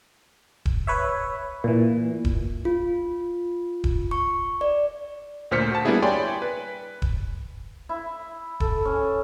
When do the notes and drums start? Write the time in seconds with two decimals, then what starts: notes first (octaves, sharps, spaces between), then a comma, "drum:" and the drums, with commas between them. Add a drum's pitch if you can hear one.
0.66 drum: kick D#1
0.87 B4 C#5 E5
1.64 A#2 E3
2.25 drum: kick D#1
2.65 F4
3.84 drum: kick D#1
4.11 C#6
4.61 D5
5.51 D2 A#2 C5 F6 B6 C#7
5.71 F#4 A5
5.85 G3 A#3 B3 D4 E4 G#4
6.03 C#5 D5 G5 G#5 B5 C6
6.42 B4
7.02 drum: kick D#1
7.89 E4
8.60 A4, drum: kick D#1
8.85 C#4